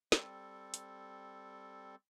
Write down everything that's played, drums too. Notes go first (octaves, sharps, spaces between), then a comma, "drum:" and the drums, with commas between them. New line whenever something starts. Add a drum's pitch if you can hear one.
G3 C4 A4, drum: snare
drum: hi-hat